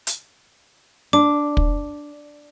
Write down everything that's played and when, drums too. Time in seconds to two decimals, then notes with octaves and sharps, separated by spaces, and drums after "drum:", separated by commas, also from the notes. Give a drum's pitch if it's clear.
0.07 drum: hi-hat
1.13 D4 D6
1.57 drum: kick